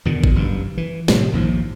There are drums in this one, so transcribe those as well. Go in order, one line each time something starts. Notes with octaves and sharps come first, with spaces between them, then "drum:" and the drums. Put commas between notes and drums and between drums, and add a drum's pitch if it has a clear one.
E2 B2 D3 D#3
drum: kick G#1
F#1 G2
E3
A2 C3 F3 F#3, drum: snare
A#1 D#2 G#2 F3